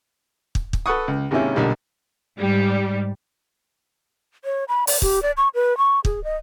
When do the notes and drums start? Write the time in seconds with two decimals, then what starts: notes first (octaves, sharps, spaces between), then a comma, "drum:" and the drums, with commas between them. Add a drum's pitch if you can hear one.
0.55 drum: kick
0.73 drum: kick
0.86 A4 B4 F#5 C#6 D#6
1.08 C#2
1.31 G#2 C3 D#3 A#3 C#4 E4
1.56 B1 A#2 D3 G3
2.38 G#2 G3
4.45 C#5
4.69 B5
4.87 D5, drum: open hi-hat
5.02 G4, drum: kick
5.23 D5
5.37 C#6
5.55 B4
5.78 C#6
6.05 G#4, drum: kick
6.24 D#5